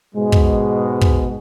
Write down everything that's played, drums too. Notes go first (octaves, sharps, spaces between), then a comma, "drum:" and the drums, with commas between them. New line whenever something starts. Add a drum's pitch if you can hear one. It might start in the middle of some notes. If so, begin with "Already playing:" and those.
G#2 B2 G#3
drum: kick
drum: kick